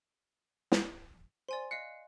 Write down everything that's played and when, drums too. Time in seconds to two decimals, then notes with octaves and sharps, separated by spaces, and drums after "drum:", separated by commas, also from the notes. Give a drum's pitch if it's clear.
0.72 drum: snare
1.48 C5 D5 G#5 C6
1.71 D#5 F5 F#6 C7 C#7